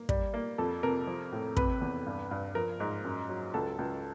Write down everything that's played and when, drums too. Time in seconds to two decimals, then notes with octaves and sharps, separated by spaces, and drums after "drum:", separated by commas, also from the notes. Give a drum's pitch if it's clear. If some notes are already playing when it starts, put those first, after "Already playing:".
Already playing: A#3
0.09 G3, drum: kick
0.34 A#3
0.58 F2 A4
0.83 C3 A#4
1.07 F3
1.32 A2
1.57 C3 B4, drum: kick
1.81 E2
2.06 G2
2.31 G2
2.55 F3 A#4
2.80 G#2
3.05 F#2
3.29 F#3
3.54 C#2 A4
3.79 C#2